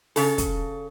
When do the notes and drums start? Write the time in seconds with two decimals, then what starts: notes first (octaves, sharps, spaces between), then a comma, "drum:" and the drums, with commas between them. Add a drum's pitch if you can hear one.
0.16 C#3 A4, drum: open hi-hat
0.38 drum: kick, hi-hat